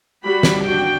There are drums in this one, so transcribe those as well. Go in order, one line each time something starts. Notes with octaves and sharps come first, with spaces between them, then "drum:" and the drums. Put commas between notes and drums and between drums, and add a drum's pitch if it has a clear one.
G3 F#4 G4 B5
drum: snare
D4 F#4 G5